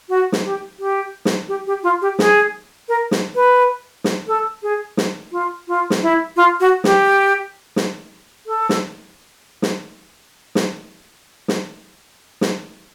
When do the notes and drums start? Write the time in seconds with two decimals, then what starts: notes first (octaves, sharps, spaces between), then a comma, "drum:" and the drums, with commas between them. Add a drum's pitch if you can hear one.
0.09 F#4
0.32 drum: snare
0.44 G4
0.79 G4
1.25 drum: snare
1.48 G4
1.67 G4
1.83 F4
2.02 G4
2.19 G#4, drum: snare
2.88 A#4
3.11 drum: snare
3.35 B4
4.04 drum: snare
4.27 A4
4.63 G#4
4.97 drum: snare
5.32 F4
5.68 F4
5.90 drum: snare
6.02 E4
6.36 F4
6.60 F#4
6.84 G4, drum: snare
7.76 drum: snare
8.46 A4
8.69 drum: snare
9.62 drum: snare
10.55 drum: snare
11.48 drum: snare
12.41 drum: snare